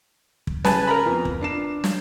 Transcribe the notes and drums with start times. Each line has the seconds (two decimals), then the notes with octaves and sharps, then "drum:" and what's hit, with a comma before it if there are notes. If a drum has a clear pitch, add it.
0.47 drum: kick
0.65 C#3 B4 G#5 A5, drum: snare
0.87 A#4 A#5 B5
1.06 F2 B3
1.25 drum: kick
1.41 D4 C7 E7
1.84 drum: snare